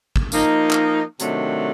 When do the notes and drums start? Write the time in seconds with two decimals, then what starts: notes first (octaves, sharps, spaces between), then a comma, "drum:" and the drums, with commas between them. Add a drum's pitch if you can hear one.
0.16 drum: kick
0.32 F3 A#3 D#4, drum: tambourine
0.71 drum: clap
1.20 C3 D#3 F#3 A3 D4, drum: hi-hat